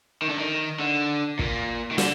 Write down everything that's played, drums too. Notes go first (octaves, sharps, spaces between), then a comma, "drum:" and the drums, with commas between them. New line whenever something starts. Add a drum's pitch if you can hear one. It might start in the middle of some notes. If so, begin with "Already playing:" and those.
D#3
D3
D#3
D3
A#2, drum: kick
D#3
D3, drum: snare